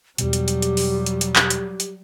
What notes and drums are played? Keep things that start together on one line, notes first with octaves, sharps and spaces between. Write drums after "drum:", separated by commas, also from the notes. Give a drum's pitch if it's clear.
E2 B2 F#3 G3 G4, drum: hi-hat
drum: hi-hat
drum: hi-hat
drum: hi-hat
drum: open hi-hat
drum: hi-hat
drum: hi-hat
drum: clap
drum: hi-hat
drum: hi-hat